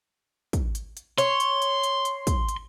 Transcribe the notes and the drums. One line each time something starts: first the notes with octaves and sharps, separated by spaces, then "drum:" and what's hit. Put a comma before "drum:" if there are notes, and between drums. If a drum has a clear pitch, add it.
drum: kick, hi-hat
drum: hi-hat
drum: hi-hat
C#5 C6, drum: hi-hat
drum: hi-hat
drum: hi-hat
drum: hi-hat
drum: hi-hat
drum: kick, hi-hat
drum: hi-hat